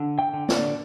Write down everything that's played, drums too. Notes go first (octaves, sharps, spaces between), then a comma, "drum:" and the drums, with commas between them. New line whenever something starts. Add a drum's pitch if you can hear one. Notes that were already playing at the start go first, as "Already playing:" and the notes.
Already playing: D3
G5
D3
D5, drum: snare